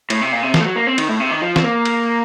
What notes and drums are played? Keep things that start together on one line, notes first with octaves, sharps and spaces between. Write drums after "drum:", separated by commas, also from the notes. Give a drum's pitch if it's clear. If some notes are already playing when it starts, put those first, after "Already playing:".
A2, drum: cymbal
C3
A#2
C3
F3, drum: snare
A3
F#3
A#3
C4
D#3, drum: cymbal
A2
C3
D#3
F3
C4, drum: snare
A#3
drum: cymbal